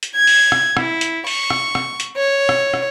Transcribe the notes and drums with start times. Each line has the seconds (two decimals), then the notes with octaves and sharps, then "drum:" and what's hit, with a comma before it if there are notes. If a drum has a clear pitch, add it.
0.03 drum: hi-hat
0.15 G#6
0.27 drum: open hi-hat
0.52 drum: rim click
0.77 E4, drum: rim click
1.01 drum: hi-hat
1.27 C#6, drum: open hi-hat
1.50 drum: rim click
1.75 drum: rim click
2.00 drum: hi-hat
2.16 C#5
2.49 drum: rim click
2.74 drum: rim click